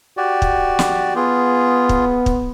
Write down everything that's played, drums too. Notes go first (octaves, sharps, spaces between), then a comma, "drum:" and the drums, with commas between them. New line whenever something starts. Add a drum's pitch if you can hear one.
F#4 G4 D5
drum: kick
drum: snare
B3 F4 G#4
drum: kick
drum: kick